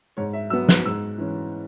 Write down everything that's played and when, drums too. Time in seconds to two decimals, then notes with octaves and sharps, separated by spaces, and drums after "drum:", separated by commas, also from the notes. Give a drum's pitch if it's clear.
0.17 G#2 C#5
0.33 E5
0.50 F#3 B3 E6
0.69 F#6, drum: snare
0.86 G#2 E6
1.18 E3 C#4